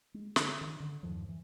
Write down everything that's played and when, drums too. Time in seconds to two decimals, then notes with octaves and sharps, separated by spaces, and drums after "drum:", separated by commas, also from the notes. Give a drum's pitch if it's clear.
0.14 G#3
0.36 D3 C#4, drum: snare
0.61 D#3
0.80 D3
1.03 E2 G2 D#3 F3
1.29 E3